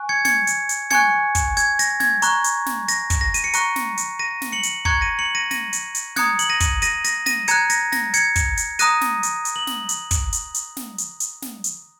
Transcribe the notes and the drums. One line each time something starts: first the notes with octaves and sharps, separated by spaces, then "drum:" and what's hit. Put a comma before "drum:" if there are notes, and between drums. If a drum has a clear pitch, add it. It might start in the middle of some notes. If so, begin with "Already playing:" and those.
Already playing: G#5 C#6 F#6
G#6 C#7
G#6 C#7, drum: snare
drum: hi-hat
drum: hi-hat
G#5 C#6 F#6 G#6 C#7, drum: snare
drum: kick, hi-hat
G#6, drum: hi-hat
A#6, drum: hi-hat
G#6, drum: snare
A#5 C#6 F#6, drum: hi-hat
drum: hi-hat
drum: snare
A#6, drum: hi-hat
drum: kick, hi-hat
A#6
D#7, drum: hi-hat
C#7
A#5 C#6 F#6 A#6, drum: hi-hat
drum: snare
drum: hi-hat
A#6 D#7
drum: snare
C#7 F#7
drum: hi-hat
A#5 C#6 F#6 G#6 C#7, drum: kick
A#6 D#7
C#7 F#7
A#6 D#7
A#6 D#7, drum: snare
drum: hi-hat
drum: hi-hat
A#5 D#6 F#6 G#6 C#7, drum: snare
F#7, drum: hi-hat
A#6 D#7
drum: kick, hi-hat
A#6 D#7, drum: hi-hat
A#6, drum: hi-hat
A#6 D#7, drum: snare
A#5 F#6 G#6 C#7, drum: hi-hat
A#6, drum: hi-hat
A#6, drum: snare
G#6 C#7, drum: hi-hat
drum: kick, hi-hat
drum: hi-hat
A#5 D#6 F#6 A#6 D#7, drum: hi-hat
drum: snare
drum: hi-hat
drum: hi-hat
F#7
drum: snare
drum: hi-hat
drum: kick, hi-hat
drum: hi-hat
drum: hi-hat
drum: snare
drum: hi-hat
drum: hi-hat
drum: snare
drum: hi-hat